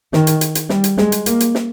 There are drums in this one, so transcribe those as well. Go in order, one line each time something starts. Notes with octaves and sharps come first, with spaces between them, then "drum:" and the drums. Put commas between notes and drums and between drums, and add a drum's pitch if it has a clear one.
D#3, drum: snare
drum: hi-hat
drum: hi-hat
drum: hi-hat
G3, drum: snare
drum: hi-hat
G#3, drum: snare
drum: hi-hat
A#3, drum: hi-hat
drum: hi-hat
drum: snare